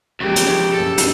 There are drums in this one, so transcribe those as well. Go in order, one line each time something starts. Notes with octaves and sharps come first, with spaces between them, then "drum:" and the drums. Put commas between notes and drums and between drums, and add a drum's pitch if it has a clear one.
E2 C#3 F3 G#3 A#3 G4
drum: hi-hat
F#2 C#3 A#3 A4
drum: hi-hat